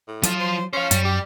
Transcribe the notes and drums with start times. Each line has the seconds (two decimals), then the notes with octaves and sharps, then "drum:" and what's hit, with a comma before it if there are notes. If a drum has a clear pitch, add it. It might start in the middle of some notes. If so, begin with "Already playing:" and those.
0.08 A2
0.23 F3 F#3 F4, drum: hi-hat
0.40 C5
0.73 C#4 C5 F5
0.91 F#2 F#3 G3, drum: hi-hat
1.05 G4